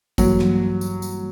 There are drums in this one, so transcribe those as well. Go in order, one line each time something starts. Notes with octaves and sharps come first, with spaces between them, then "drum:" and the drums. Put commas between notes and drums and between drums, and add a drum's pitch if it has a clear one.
G2 E3 F#3 G3 A#3, drum: kick A1, tambourine
drum: snare
drum: tambourine
drum: tambourine